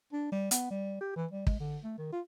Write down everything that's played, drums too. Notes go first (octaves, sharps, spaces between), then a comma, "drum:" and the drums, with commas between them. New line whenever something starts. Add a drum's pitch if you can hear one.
D4
G3
B3, drum: hi-hat
G3
G4
E3
G3
G#3, drum: kick
D3
A3
D#3
F4